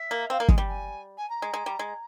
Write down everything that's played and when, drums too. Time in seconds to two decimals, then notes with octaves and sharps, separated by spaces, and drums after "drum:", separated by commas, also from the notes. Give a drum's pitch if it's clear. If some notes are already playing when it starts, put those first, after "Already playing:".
Already playing: E5
0.11 A#3
0.30 C4 F5
0.40 A#3
0.48 G#3, drum: kick
0.58 G3
0.67 G#5
1.17 G#5
1.29 A#5
1.42 G#3
1.54 G#3
1.66 G3
1.79 G#3